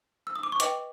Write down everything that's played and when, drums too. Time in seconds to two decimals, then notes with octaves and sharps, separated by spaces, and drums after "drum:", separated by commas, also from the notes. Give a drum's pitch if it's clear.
0.27 E6
0.36 D#6
0.43 D6
0.52 C#6
0.60 B4 D#5 G5 D6, drum: hi-hat